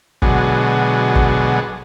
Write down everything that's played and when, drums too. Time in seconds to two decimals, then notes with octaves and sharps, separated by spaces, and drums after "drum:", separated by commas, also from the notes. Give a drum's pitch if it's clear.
0.22 B2 D3 F#3 G#3, drum: kick
1.15 drum: kick